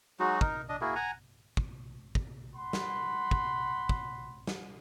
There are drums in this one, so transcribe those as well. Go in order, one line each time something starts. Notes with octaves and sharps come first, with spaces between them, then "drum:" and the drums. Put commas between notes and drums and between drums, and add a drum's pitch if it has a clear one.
F#3 G#3 D#4 F#4
D#4 A#4, drum: kick
D4 D#5
A#3 E4 F#4 G#4
F#5 G#5 A#5
drum: kick
drum: kick
F#5 B5 C6
drum: snare
drum: kick
drum: kick
drum: snare